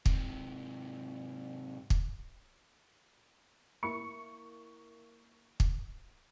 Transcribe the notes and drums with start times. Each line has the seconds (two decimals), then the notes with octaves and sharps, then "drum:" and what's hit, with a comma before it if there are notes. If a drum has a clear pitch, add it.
0.06 G#2 C3, drum: kick
1.90 drum: kick
3.83 A#3 E4 C#6 C#7
5.60 drum: kick